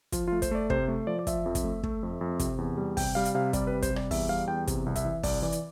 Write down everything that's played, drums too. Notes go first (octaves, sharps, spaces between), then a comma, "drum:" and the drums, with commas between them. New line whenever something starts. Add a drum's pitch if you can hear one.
F3 F4, drum: kick, hi-hat
A3 F4
C5, drum: kick, hi-hat
A3 D5
C3 C5, drum: kick
A3
F3 D5
D5
F3 E5, drum: kick, hi-hat
F2
drum: kick, hi-hat
A3
A3, drum: kick
F2
F2
C3, drum: kick, hi-hat
E2
G3
C3 G5, drum: kick, open hi-hat
G3 F5
drum: hi-hat
C3 F5
G3 D5, drum: kick, hi-hat
C3 B4
C5, drum: kick, hi-hat
G3
D5, drum: rim click
E2 E5, drum: kick, open hi-hat
G3 F5
E2 G5
C3, drum: kick, hi-hat
C2
E5, drum: kick, hi-hat
E3
C2 D5, drum: kick, open hi-hat
E3 D5
drum: hi-hat